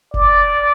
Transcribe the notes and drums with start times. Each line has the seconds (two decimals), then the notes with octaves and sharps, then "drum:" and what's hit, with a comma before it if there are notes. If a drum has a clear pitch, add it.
0.14 D5, drum: kick F1